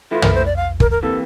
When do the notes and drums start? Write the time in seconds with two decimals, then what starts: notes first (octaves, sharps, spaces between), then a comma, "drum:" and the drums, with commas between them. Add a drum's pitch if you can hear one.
0.11 A2 E3 A3 E4 F4
0.22 A#4, drum: tom
0.34 C5
0.46 D5
0.56 F5
0.80 A#4, drum: kick
0.91 A#4
1.02 C3 E3 A#3 A4